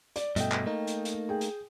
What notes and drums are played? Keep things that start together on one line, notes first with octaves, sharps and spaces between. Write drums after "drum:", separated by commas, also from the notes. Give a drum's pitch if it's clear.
D5, drum: hi-hat
G2 B2 A3 D#5 G5, drum: hi-hat
drum: clap
A3 A#3 D#4
drum: hi-hat
drum: hi-hat
G#4 G5
drum: hi-hat